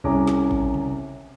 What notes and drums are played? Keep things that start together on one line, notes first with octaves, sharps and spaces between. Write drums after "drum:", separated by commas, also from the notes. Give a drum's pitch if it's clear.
C2 C#4 G#4 A#5 D6
drum: snare
drum: kick A1
drum: tom C3